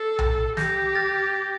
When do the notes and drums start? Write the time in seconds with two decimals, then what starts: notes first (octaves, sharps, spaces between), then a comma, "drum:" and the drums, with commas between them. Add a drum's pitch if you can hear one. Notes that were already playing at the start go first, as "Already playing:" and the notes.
Already playing: A4 A6 C7
0.19 drum: tom B1
0.57 G4 G6 A#6, drum: snare
0.95 F6 A6